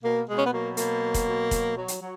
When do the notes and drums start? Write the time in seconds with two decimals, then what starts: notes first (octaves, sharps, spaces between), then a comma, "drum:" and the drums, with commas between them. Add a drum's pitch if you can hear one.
0.03 B2 A#3
0.29 B2 G#3
0.38 C#4
0.45 B3
0.53 F#3 A#3
0.77 B2 A#3, drum: hi-hat
1.02 F#3
1.14 drum: kick F1, hi-hat
1.27 B2
1.51 F#3, drum: kick F1, hi-hat
1.76 F#3
1.88 drum: hi-hat
2.00 F#3